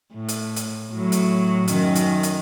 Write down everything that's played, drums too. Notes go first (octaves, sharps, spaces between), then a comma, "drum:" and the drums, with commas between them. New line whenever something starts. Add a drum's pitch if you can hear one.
A2
drum: hi-hat
drum: hi-hat
A2 F#3
drum: hi-hat
F#2 D#3, drum: hi-hat
drum: hi-hat
drum: hi-hat